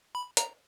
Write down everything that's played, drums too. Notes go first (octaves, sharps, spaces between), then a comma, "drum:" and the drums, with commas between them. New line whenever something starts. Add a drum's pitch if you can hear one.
B5
A#5, drum: hi-hat